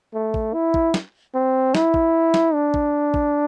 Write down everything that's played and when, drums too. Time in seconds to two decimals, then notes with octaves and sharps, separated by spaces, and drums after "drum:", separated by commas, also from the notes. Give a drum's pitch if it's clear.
0.14 A3
0.34 drum: kick
0.54 E4
0.74 drum: kick
0.94 drum: snare
1.34 C4
1.75 E4, drum: snare
1.94 drum: kick
2.34 drum: snare
2.54 D4
2.74 drum: kick
3.14 drum: kick